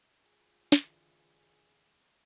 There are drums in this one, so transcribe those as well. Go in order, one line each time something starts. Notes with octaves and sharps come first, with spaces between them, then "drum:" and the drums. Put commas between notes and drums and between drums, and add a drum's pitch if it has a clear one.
F4 G#4
D3 E3, drum: snare